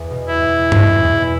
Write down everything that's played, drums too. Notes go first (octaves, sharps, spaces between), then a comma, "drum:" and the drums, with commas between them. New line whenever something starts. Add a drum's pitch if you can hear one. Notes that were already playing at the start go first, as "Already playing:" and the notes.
Already playing: E2
B2
E4
E2
B2, drum: tom G2
E2